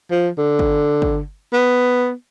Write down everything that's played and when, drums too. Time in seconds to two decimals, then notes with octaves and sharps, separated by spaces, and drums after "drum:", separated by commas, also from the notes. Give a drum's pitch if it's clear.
0.11 F3
0.38 D3
0.59 drum: kick
1.02 drum: kick
1.53 B3